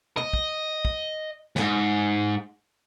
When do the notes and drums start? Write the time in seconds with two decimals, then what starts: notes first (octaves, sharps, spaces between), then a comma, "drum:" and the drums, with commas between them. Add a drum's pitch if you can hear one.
0.17 D#5, drum: tom
0.33 drum: kick
0.85 drum: kick
1.56 D#2 G#2, drum: snare